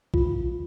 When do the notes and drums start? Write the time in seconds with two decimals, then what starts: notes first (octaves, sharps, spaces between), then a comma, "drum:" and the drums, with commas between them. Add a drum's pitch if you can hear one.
0.14 F4, drum: kick B1